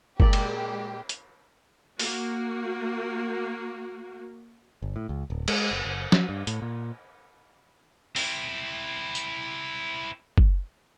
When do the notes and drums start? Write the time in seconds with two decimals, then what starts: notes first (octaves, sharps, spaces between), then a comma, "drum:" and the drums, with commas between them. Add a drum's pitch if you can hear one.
0.20 A#2 G#3 G4 D5, drum: kick
0.33 drum: cymbal
1.09 drum: hi-hat
1.99 A#3 F#4, drum: open hi-hat
4.82 G1
4.96 A2
5.09 C#2
5.30 D1
5.48 G#3, drum: cymbal
5.71 F#1
5.85 F#1
6.12 F#3, drum: snare
6.29 G2
6.47 A2, drum: hi-hat
6.62 A#2
8.16 C4 E4, drum: open hi-hat
9.15 drum: tambourine
10.38 drum: kick